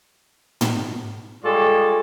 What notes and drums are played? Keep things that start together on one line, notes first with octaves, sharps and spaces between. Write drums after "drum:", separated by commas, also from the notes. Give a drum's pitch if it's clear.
drum: tom
G3 G#3 F4 A4 C#5 D5